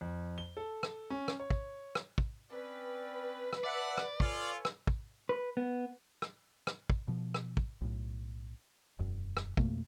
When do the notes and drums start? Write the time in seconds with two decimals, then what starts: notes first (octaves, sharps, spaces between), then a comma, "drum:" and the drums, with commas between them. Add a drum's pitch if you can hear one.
0.01 F2
0.38 G7
0.57 A4
0.83 drum: rim click
1.10 C#4
1.28 drum: rim click
1.40 C#5
1.50 drum: kick
1.95 drum: rim click
2.18 drum: kick
2.51 C4 C#4 B4 D5
3.53 drum: rim click
3.64 D5 E5 F#5 A5
3.98 drum: rim click
4.20 F4 A4 C#5 G#5, drum: kick
4.65 drum: rim click
4.87 drum: kick
5.29 B4
5.57 B3
6.22 drum: rim click
6.67 drum: rim click
6.90 drum: kick
7.08 B2 F3
7.34 drum: rim click
7.57 drum: kick
7.81 B1 A2
8.99 E1 F#2
9.37 drum: rim click
9.57 F2 B2 A3 A#3, drum: kick